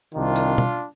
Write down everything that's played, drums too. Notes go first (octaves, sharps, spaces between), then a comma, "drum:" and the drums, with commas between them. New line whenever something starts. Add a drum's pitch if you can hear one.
C2 C3 D#3 D4 F4
drum: hi-hat
drum: tom